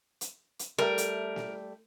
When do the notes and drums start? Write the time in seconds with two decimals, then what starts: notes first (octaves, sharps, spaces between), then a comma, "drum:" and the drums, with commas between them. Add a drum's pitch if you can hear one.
0.21 drum: hi-hat
0.59 drum: hi-hat
0.79 G3 A3 A#4
0.98 drum: hi-hat
1.36 drum: snare